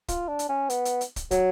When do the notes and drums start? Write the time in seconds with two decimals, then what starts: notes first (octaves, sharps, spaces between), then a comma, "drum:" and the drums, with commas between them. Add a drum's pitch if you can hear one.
0.08 F4, drum: kick, hi-hat
0.28 D4
0.39 drum: hi-hat
0.49 C#4
0.70 B3, drum: hi-hat
0.85 drum: hi-hat
1.01 drum: hi-hat
1.16 drum: kick, hi-hat
1.31 F#3, drum: kick, hi-hat